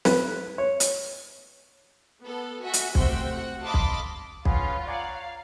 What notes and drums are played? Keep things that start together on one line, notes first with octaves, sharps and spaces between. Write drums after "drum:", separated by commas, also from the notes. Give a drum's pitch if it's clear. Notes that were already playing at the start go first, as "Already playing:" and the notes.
B4, drum: snare
C#5
drum: hi-hat
B3 A4
F#4 E5 F#5 G#5
drum: hi-hat
C3 A3 F#4 C5 G5 E6, drum: kick B1
F#4 F#5
D#5 F5 A5 B5 C6 D6
drum: kick B1
C#4 F4 G#4 B4 C#5 F#5, drum: kick B1
C#5 D5 F5 F#5 G#5 A#5